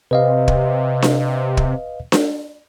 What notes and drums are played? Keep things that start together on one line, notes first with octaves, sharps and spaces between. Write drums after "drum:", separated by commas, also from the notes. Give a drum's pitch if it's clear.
C3 B4 D#5 F5
drum: kick
drum: snare D4
drum: kick
drum: snare D4